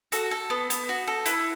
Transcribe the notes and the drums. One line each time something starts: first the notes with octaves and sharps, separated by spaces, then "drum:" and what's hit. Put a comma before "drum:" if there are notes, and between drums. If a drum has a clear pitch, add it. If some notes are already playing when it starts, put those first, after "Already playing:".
F#4 A4, drum: hi-hat
A4
B3
B3, drum: hi-hat
F#4
A4
E4 B4, drum: hi-hat